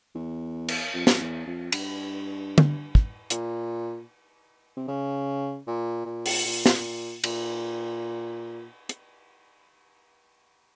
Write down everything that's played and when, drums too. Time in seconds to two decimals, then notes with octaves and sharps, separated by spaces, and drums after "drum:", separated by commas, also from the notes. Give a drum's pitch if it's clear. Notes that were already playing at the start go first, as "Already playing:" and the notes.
0.15 E2
0.68 drum: cymbal
0.94 F2
1.07 G2, drum: snare
1.13 F2
1.21 E2
1.47 F2
1.72 G2, drum: cymbal
2.58 drum: tom D3
2.95 drum: kick
3.30 A#2, drum: hi-hat
4.77 C3
4.88 C#3
5.67 A#2
6.05 A#2
6.26 drum: open hi-hat
6.45 A#2
6.66 drum: snare
7.24 A#2, drum: cymbal
8.89 drum: hi-hat